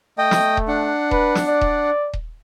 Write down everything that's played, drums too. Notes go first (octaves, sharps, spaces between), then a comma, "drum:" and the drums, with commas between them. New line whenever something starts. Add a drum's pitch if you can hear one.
A3 D#5 G5
drum: snare
drum: kick D#1
D4 F#5
B4, drum: kick D#1
drum: snare
D5
drum: kick D#1
drum: kick D#1